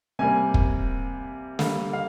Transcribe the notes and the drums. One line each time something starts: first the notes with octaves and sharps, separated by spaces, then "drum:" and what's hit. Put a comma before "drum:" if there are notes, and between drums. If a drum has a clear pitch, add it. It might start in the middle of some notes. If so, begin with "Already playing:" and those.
C3 G3 A#3 G#5
drum: kick
D3 G3 A#3 F5, drum: snare
F5